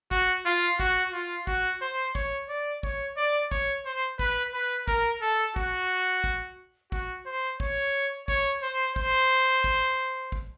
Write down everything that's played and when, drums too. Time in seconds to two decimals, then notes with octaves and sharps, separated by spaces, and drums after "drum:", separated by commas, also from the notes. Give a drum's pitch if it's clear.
0.11 F#4, drum: kick
0.46 F4
0.80 F#4, drum: kick
1.13 F4
1.47 F#4, drum: kick
1.82 C5
2.15 C#5, drum: kick
2.49 D5
2.83 C#5, drum: kick
3.17 D5
3.52 C#5, drum: kick
3.86 C5
4.19 B4, drum: kick
4.54 B4
4.88 A#4, drum: kick
5.22 A4
5.56 F#4, drum: kick
6.24 drum: kick
6.92 F#4, drum: kick
7.26 C5
7.60 C#5, drum: kick
8.28 C#5, drum: kick
8.62 C5
8.96 C5, drum: kick
9.64 drum: kick
10.32 drum: kick